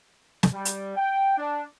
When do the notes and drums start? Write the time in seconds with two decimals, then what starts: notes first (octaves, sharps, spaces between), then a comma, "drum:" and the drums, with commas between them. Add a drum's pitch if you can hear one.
0.43 drum: snare
0.53 G3
0.65 drum: hi-hat
0.96 G5
1.38 D4